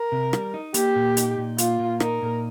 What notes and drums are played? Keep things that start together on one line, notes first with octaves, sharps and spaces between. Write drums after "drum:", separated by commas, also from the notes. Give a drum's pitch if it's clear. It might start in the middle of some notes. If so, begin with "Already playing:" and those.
Already playing: A#4
C3
G3, drum: rim click
D#4
A#3 G4, drum: hi-hat
A#2
D#4, drum: hi-hat
A#2
A#3 F4, drum: hi-hat
A#2
D#4 A#4, drum: rim click
A#2